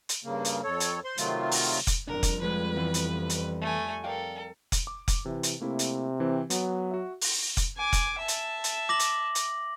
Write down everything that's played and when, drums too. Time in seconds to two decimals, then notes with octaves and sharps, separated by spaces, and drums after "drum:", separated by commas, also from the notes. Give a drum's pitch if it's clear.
0.09 drum: hi-hat
0.24 G2 C#3 A#3
0.45 drum: hi-hat
0.64 F2 A4 C#5
0.80 drum: hi-hat
1.04 C5 C6
1.18 C3 D#3 F#3 A3 F4, drum: hi-hat
1.51 drum: open hi-hat
1.87 drum: kick F1, hi-hat
2.08 F2 G3 D4 A#4
2.23 drum: kick F1, hi-hat
2.42 F3 G#3 B4
2.76 E3 F3 B3
2.94 drum: hi-hat
3.30 drum: hi-hat
3.61 A3 G#5
4.04 A4 A#4 D5 F5 G5
4.72 drum: kick F1, hi-hat
4.87 D6
5.08 drum: kick F1, hi-hat
5.25 C3 E3
5.43 drum: hi-hat
5.61 C3 A3 A#3 E4
5.79 drum: hi-hat
6.20 E3 C4
6.50 F#3 B3, drum: hi-hat
6.91 F#4 E5
7.21 drum: open hi-hat
7.57 drum: kick F1, hi-hat
7.77 G#5 D6
7.93 drum: kick F1, hi-hat
8.19 E5 A5
8.28 drum: hi-hat
8.64 drum: hi-hat
8.89 D6 A#6 F#7
8.99 drum: hi-hat
9.35 drum: hi-hat